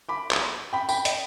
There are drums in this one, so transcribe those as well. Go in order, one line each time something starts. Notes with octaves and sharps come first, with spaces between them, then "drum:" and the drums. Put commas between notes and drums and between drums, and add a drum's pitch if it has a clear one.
B5 D6
drum: clap
G5 B5
G5 B5, drum: tambourine
D#5 G5, drum: hi-hat